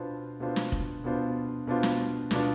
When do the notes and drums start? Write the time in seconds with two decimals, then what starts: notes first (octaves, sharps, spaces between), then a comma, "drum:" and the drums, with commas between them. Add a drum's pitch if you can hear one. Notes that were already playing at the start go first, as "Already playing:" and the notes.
Already playing: B2 B3 D4 F4 C5
0.40 B2 B3 D4 F4 C5
0.56 drum: snare
0.72 drum: kick F1
1.04 B2 B3 D4 F4 C5
1.67 B2 B3 D4 F4 C5
1.83 drum: snare
2.31 B2 B3 D4 F4, drum: snare